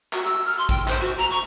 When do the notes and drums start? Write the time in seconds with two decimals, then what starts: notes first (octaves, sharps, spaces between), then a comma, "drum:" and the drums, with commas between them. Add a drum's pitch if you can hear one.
0.13 F#4, drum: clap
0.24 E6
0.45 F6
0.57 C6
0.69 G5, drum: kick A1, hi-hat
0.87 C5, drum: clap
1.00 F#4
1.17 A#5
1.30 C#6